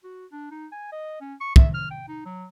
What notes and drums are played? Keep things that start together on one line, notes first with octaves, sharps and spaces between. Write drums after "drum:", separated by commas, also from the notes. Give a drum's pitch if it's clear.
F#4
D4
D#4
G#5
D#5
C#4
C#6
E5, drum: kick
F6
G5
D#4
F#3